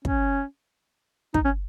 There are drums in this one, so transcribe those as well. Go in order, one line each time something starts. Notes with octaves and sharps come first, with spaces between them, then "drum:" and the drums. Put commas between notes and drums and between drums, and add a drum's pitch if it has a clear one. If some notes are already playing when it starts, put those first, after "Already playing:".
C#4, drum: kick
D#4, drum: kick
C#4